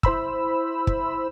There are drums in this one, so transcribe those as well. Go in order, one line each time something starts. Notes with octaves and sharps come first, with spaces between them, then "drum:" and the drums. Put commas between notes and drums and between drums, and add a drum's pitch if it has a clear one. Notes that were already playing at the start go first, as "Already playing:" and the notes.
E4 C5 B5 E6, drum: kick
drum: kick